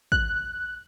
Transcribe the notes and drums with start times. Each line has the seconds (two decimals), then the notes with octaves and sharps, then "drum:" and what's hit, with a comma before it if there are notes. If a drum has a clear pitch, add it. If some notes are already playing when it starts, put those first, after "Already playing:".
0.12 F#6, drum: kick A1